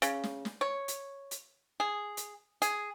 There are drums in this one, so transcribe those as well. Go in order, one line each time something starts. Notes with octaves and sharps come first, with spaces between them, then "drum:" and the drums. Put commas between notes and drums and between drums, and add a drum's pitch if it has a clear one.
C#3, drum: hi-hat
drum: snare
drum: snare
C#5
drum: hi-hat
drum: hi-hat
G#4
drum: hi-hat
G#4, drum: hi-hat